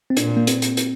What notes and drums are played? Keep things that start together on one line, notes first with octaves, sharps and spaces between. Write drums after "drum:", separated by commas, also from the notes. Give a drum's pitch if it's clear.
C4
A#2 D4, drum: hi-hat
A#3
C4, drum: hi-hat
drum: hi-hat
drum: hi-hat